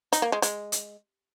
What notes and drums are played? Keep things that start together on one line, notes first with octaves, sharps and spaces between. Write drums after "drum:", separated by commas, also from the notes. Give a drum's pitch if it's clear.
D#4, drum: hi-hat
A#3
G#3
G#3, drum: hi-hat
drum: hi-hat